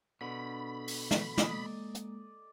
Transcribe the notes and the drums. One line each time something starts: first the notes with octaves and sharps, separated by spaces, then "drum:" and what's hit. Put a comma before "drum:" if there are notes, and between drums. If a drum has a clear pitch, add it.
B2 D3 B5
drum: open hi-hat
drum: snare
G#3 A#3 D5 D#5, drum: snare
drum: hi-hat